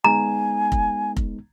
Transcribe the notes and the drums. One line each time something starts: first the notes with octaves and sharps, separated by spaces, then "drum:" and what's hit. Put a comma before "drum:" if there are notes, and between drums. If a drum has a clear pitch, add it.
G#3 B3 D#4 G#5 A#5
drum: kick F1
drum: kick F1